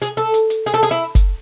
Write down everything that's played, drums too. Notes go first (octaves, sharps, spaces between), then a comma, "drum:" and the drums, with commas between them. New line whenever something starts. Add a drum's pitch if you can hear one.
G#4, drum: hi-hat
A4
drum: hi-hat
drum: hi-hat
G#4, drum: hi-hat
A4
G#4
E4
drum: kick F#1, hi-hat